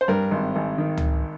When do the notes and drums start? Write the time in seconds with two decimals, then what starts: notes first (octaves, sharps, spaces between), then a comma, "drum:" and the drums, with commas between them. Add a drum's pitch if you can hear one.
0.01 C5
0.08 G2 A#4
0.31 G#1
0.56 G#1
0.78 D#3
0.98 drum: tom C#2